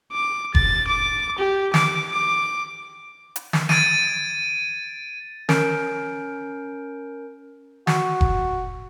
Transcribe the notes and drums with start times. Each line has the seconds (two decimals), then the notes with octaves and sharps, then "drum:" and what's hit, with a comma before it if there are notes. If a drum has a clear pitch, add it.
0.12 D6
0.55 A6, drum: kick F1
0.87 D6
1.39 G4
1.74 D6, drum: snare
2.13 D6
3.36 drum: hi-hat
3.53 drum: snare
3.69 G#6 A6 D7 D#7, drum: snare
5.49 C#4 A#4 G6 D7, drum: snare
7.87 F#4, drum: snare
8.21 drum: kick F1